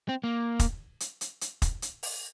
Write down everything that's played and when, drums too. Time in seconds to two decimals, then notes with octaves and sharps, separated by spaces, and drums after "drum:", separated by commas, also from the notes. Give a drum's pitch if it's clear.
0.09 C4
0.24 A#3
0.59 drum: kick, hi-hat
1.00 drum: hi-hat
1.21 drum: hi-hat
1.41 drum: hi-hat
1.62 drum: kick, hi-hat
1.82 drum: hi-hat
2.03 drum: open hi-hat